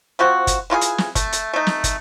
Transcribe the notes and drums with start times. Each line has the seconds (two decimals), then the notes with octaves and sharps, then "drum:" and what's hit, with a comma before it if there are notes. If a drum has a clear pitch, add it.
0.19 F3 C4 F#4
0.47 drum: kick, hi-hat
0.70 E3 F4 F#4 G#4
0.81 drum: hi-hat
0.98 drum: snare
1.15 A3, drum: kick, hi-hat
1.32 drum: hi-hat
1.54 A3 D#4
1.67 drum: snare
1.84 drum: kick, hi-hat